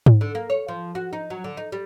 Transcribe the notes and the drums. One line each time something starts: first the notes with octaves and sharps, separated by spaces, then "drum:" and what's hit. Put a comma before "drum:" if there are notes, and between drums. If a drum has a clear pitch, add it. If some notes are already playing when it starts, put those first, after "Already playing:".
drum: tom G#2
D3
A#3
C#5
F3
F#4
D#4
F#3
D3
D#4
G3